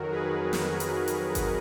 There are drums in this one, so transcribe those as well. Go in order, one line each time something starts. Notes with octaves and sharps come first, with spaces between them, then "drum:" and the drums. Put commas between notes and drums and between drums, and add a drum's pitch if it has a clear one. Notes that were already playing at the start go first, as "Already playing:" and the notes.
Already playing: F2 D#3 F#3 F#4 A#4
G#4 B4
drum: snare
drum: hi-hat
drum: hi-hat
drum: kick G1, hi-hat